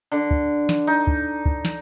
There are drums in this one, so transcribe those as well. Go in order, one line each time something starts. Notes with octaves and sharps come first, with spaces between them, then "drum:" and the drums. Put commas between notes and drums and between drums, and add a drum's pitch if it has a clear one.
D3
drum: kick
drum: snare
D#4
drum: kick
drum: kick
drum: snare